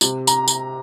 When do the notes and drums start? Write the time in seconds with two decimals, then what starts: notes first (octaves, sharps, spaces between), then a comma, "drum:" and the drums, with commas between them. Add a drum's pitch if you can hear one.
0.01 C3, drum: tambourine
0.27 A#5, drum: tambourine
0.48 drum: tambourine